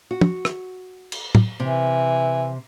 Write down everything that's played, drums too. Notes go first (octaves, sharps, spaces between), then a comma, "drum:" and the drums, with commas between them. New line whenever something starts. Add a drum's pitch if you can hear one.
F#4
drum: tom
drum: rim click
drum: cymbal
drum: tom
C3 E3